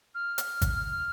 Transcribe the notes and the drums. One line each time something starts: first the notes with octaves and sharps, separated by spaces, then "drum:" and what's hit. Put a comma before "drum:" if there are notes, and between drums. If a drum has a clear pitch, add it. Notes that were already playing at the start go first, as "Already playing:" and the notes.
F6
drum: hi-hat
drum: kick G#1, hi-hat